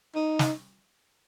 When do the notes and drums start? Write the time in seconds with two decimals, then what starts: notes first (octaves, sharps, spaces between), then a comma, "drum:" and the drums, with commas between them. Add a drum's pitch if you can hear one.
0.15 D#4
0.39 drum: snare